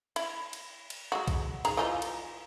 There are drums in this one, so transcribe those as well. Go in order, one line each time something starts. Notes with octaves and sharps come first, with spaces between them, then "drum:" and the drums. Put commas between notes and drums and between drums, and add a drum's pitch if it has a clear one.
E4, drum: cymbal
drum: cymbal
drum: cymbal
F#3 G#3 F#4
drum: kick A#1, cymbal
D#3 G#4 A#5, drum: cymbal
E3 D#4 F4
drum: cymbal